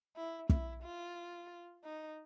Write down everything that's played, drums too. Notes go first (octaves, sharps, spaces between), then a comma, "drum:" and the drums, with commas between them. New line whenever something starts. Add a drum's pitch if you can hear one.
E4
E4, drum: kick
F4
D#4